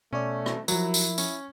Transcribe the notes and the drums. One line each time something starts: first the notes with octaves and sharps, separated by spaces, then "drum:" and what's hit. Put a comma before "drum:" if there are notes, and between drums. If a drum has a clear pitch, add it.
B2 A3 C#4 D5
drum: rim click
F3 F#3 E4 A#4, drum: tambourine
drum: tambourine
C#4, drum: tambourine